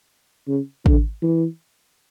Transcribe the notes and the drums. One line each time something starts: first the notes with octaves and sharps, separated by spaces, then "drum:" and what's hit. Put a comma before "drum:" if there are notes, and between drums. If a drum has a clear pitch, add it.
C#3
D3, drum: kick
E3